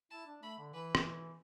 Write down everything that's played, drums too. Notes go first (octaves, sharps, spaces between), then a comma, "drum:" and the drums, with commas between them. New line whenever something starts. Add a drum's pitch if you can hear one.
E4 A5
D4
A3 B5
D3
E3 B4
drum: rim click